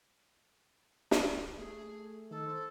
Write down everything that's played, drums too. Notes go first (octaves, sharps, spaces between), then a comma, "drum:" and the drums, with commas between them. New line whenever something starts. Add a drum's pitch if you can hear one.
drum: snare
A3 G#4
D#3 A4
C5